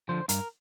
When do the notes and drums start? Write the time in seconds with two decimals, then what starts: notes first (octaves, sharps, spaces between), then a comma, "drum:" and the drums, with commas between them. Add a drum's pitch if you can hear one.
0.09 D3 F3 C5
0.29 G2 A#4, drum: hi-hat